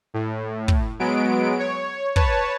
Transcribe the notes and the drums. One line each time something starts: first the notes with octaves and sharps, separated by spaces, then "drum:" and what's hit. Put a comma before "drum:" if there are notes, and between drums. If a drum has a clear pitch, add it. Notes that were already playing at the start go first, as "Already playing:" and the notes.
A2
drum: kick
F#3 G#3 B3 D7
C#5
B4 C#5 A5, drum: kick